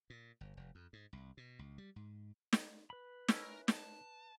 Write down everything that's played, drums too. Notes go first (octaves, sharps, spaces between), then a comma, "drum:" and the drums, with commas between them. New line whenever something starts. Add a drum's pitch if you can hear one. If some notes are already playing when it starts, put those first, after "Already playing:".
A#2
G1
F1
F2
G#2
C2
B2
C#2
G3
G#2
drum: snare
B4 B5
A3 C#4 E4 E5, drum: snare
A#4
A5, drum: snare